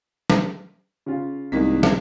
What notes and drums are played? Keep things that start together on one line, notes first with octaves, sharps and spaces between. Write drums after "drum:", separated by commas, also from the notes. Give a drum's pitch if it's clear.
drum: snare
C#3 F4
C2 G#2 D#3 A#3 B6
drum: snare